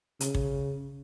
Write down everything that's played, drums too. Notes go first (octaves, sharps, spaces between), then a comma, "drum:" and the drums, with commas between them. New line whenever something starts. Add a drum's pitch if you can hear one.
C#3, drum: hi-hat
drum: kick